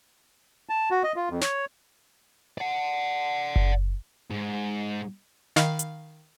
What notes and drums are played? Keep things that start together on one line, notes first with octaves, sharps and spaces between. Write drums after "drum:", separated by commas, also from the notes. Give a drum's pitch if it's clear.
A5
F#4
D#5
F4
F2
C#5, drum: snare
D5 F#5
drum: kick F#1
G#2
D#3 F5 B5 F6, drum: snare
drum: hi-hat